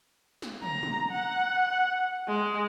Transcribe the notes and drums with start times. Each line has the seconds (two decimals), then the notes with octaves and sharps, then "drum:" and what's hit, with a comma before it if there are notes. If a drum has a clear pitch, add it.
0.42 drum: snare
0.62 A#5, drum: tom
0.83 drum: tom
1.11 F#5
2.28 G#3